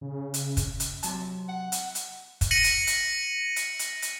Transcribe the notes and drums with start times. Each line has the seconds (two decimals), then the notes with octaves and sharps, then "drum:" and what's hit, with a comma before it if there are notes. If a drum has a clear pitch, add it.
0.01 C#3
0.34 drum: hi-hat
0.57 drum: kick, hi-hat
0.80 drum: hi-hat
1.03 C3 F#3 A5, drum: hi-hat
1.48 F#5
1.72 drum: hi-hat
1.95 drum: hi-hat
2.41 drum: kick, hi-hat
2.51 A#6 C#7 D#7 F#7
2.64 drum: hi-hat
2.87 drum: hi-hat
3.56 drum: hi-hat
3.79 drum: hi-hat
4.02 drum: hi-hat